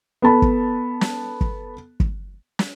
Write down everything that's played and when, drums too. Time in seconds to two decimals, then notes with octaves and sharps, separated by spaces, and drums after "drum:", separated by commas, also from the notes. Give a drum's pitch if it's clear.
0.22 B3 A4 A5 B5
0.42 drum: kick
1.01 drum: snare
1.41 drum: kick
2.00 drum: kick
2.59 drum: snare